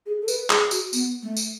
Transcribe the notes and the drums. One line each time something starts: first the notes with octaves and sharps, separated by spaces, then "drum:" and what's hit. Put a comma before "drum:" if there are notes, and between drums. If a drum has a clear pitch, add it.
G#4
A4
B4, drum: tambourine
G#4, drum: clap
F#4, drum: tambourine
B3, drum: tambourine
A3
drum: tambourine